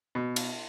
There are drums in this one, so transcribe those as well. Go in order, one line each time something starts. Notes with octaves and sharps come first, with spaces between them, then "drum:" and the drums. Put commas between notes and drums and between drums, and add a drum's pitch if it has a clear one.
B2
drum: cymbal